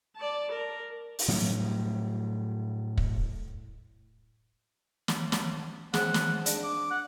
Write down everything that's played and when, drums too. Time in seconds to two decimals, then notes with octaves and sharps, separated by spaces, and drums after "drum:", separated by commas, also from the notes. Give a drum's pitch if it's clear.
0.16 D5 A5
0.52 A#4
1.19 drum: open hi-hat
1.28 A2 F#3 G3
2.98 drum: kick
5.08 drum: snare
5.32 drum: snare
5.94 G#3 C4 F#5, drum: snare
6.14 drum: snare
6.46 D4, drum: hi-hat
6.63 D6
6.91 F#5